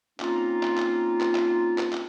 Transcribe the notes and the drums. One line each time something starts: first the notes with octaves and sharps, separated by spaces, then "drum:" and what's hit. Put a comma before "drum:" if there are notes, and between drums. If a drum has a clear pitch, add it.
A#3 C4 C#4 D#4 F4, drum: clap
drum: clap
drum: clap
drum: clap
drum: clap
drum: clap
drum: clap